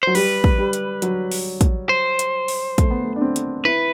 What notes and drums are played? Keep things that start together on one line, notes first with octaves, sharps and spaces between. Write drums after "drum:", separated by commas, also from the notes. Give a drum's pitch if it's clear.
F#3 C5
G3 B4, drum: open hi-hat
drum: kick
G3
drum: hi-hat
F#3, drum: hi-hat
drum: open hi-hat
drum: kick, hi-hat
C5
drum: hi-hat
drum: open hi-hat
A3, drum: kick, hi-hat
B3
A3
D4
C4
drum: hi-hat
E4 B4